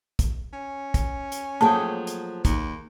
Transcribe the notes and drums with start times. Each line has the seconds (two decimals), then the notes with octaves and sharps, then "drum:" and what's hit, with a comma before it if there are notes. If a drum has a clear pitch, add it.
0.19 drum: kick, hi-hat
0.53 C#4
0.94 drum: kick, hi-hat
1.32 drum: hi-hat
1.61 F3 F#3 A3 A#3 G#4 G5 A5
2.07 drum: hi-hat
2.45 D#2, drum: kick, hi-hat